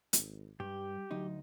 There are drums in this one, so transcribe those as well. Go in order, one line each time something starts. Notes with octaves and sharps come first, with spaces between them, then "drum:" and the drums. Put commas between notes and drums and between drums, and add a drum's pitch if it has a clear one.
G#1, drum: hi-hat
G2 G3 G4
D2 F#3 D#4